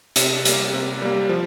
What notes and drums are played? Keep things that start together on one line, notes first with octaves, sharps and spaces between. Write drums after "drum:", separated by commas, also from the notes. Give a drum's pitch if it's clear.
C3, drum: hi-hat
G3 A#3, drum: hi-hat
C3
G3 A#3
F3